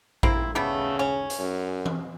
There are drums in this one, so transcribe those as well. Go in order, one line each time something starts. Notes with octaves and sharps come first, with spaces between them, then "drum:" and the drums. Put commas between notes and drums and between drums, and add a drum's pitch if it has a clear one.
A#3 C4 E4, drum: kick A1
C#3 G3 A3 B3
C#4
drum: hi-hat
F#2
drum: tom E3